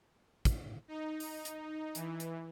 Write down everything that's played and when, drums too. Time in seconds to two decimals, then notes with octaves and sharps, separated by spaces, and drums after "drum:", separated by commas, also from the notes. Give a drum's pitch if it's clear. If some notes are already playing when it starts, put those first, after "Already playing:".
0.45 drum: kick, hi-hat
0.88 D#4
1.20 drum: open hi-hat
1.45 drum: hi-hat
1.95 E3, drum: hi-hat
2.20 drum: hi-hat